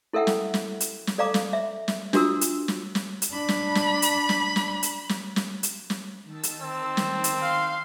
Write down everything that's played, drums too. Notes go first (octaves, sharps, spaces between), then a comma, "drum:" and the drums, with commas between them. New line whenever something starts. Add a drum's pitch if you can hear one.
E4 A4 A#4 E5 F#5 G5
drum: snare
drum: snare
drum: hi-hat
drum: snare
A4 D5 F5 A#5 D6
drum: snare
E5
drum: snare
D4 F4 F#4 A#4 D#6 E6, drum: snare
drum: hi-hat
drum: snare
drum: snare
drum: hi-hat
D4 B5
drum: snare
drum: snare
drum: hi-hat
drum: snare
drum: snare
drum: hi-hat
drum: snare
drum: snare
drum: hi-hat
drum: snare
D#3 A5 E6
drum: hi-hat
C4
drum: snare
drum: hi-hat
F5 C6